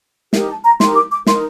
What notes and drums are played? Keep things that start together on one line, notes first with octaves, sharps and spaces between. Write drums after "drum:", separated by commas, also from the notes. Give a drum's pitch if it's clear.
D#4 G4 A#4, drum: snare
A5
A#5
D#4 G4 A#4 C6, drum: snare
D6
D6
D#4 A#4 C6, drum: snare